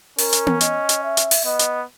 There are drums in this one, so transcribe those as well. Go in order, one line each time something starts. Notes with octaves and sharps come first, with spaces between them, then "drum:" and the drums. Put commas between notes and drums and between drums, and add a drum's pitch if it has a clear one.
C#4 A#4, drum: open hi-hat
drum: hi-hat
drum: tom B3
D#5, drum: hi-hat
drum: hi-hat
E5
drum: hi-hat
drum: open hi-hat
B3 D#5
drum: hi-hat